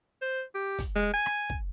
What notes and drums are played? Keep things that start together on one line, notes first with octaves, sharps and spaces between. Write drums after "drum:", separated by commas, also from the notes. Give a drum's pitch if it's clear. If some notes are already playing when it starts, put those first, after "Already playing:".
C5
G4
drum: kick, hi-hat
G#3
G#5
drum: rim click
drum: kick